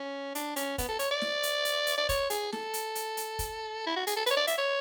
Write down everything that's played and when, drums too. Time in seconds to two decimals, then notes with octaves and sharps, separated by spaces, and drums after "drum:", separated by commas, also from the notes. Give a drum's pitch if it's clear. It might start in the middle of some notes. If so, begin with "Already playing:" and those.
Already playing: C#4
0.35 D4, drum: hi-hat
0.56 C#4, drum: hi-hat
0.78 B3, drum: kick, hi-hat
0.89 A4
0.99 C#5, drum: hi-hat
1.11 D5
1.21 drum: snare
1.43 drum: hi-hat
1.65 drum: hi-hat
1.87 drum: hi-hat
1.98 D5
2.09 C#5, drum: kick, hi-hat
2.30 G#4, drum: hi-hat
2.52 A4, drum: snare
2.74 drum: hi-hat
2.95 drum: hi-hat
3.17 drum: hi-hat
3.39 drum: kick, hi-hat
3.87 E4
3.96 F#4
4.07 G#4, drum: hi-hat
4.17 A4
4.26 B4, drum: hi-hat
4.31 C#5
4.37 D5
4.47 E5, drum: hi-hat
4.58 C#5